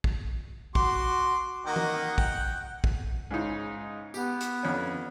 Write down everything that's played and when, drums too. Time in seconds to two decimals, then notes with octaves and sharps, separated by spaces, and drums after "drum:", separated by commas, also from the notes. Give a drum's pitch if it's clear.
0.04 drum: kick
0.75 F#4 C6 D6, drum: kick
1.66 D#3 A#3 D#5 F#5
1.76 drum: tom E3
2.18 G5, drum: kick
2.84 drum: kick
3.31 G#2 C#3 D#4
4.14 B3 G4, drum: tambourine
4.41 drum: hi-hat
4.63 F2 D3 C#4